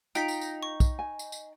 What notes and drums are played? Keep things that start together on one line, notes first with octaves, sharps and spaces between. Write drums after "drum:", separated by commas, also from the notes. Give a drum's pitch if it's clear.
D#4 F4 G5 B6 D7, drum: tambourine
drum: tambourine
drum: tambourine
C#6
drum: kick, tambourine
G#5
drum: tambourine
drum: tambourine